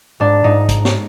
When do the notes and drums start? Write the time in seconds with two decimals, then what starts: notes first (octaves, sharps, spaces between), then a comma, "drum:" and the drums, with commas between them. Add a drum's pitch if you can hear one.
0.20 G#2 D4
0.44 G#2 D#4
0.69 drum: kick, hi-hat
0.85 drum: snare